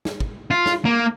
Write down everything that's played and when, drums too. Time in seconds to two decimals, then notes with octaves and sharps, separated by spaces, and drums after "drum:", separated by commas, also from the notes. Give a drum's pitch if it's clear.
0.05 drum: snare
0.20 drum: kick
0.51 F4
0.66 drum: snare
0.85 A#3